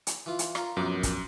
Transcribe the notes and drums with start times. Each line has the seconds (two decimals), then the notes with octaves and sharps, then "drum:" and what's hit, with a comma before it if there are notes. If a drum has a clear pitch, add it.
0.07 drum: hi-hat
0.26 E3 F4
0.39 drum: hi-hat
0.55 F4 A#4, drum: rim click
0.77 A#1 F#2 B3 D6
1.03 drum: kick, hi-hat